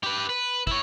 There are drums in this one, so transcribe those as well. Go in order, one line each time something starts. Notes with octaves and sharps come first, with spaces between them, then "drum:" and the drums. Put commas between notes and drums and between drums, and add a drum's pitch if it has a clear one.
G4 B4
B4
E4 C#5, drum: kick